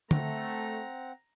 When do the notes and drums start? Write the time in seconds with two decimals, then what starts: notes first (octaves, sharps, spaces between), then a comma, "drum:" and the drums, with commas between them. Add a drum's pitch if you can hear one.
0.11 A3 C4 F#5 A#5, drum: tom D3